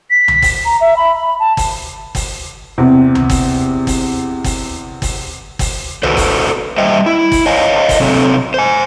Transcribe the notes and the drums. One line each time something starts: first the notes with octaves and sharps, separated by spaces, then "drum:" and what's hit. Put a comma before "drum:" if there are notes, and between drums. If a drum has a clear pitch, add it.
B6
drum: tom C#2
drum: kick G1, open hi-hat
A#5
E5
B5
B5
A5
drum: kick G1, open hi-hat
drum: kick G1, open hi-hat
E2 C3
drum: tom C#2
drum: kick G1, open hi-hat
drum: kick G1, open hi-hat
drum: kick G1, open hi-hat
drum: kick G1, open hi-hat
drum: kick G1, open hi-hat
F#4 A4 B4 C5, drum: tom C#2
drum: kick G1, open hi-hat
G3 C5 D#5 E5 G5
E4
drum: kick G1, open hi-hat
C5 C#5 D#5 F5 G#5
drum: kick G1, open hi-hat
C3 F#3 C4 A4
C5 G#5